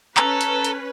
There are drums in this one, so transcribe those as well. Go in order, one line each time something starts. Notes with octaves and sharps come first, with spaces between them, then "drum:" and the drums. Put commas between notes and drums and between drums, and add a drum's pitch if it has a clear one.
C#4 A4 B4 A#5, drum: clap
drum: hi-hat
drum: hi-hat